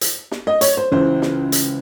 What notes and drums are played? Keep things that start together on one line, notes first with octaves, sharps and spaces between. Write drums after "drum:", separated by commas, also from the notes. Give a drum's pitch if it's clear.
drum: hi-hat
drum: snare
D#5
C#5, drum: hi-hat
C5
C#2 C#3 E3 C5
drum: snare
drum: hi-hat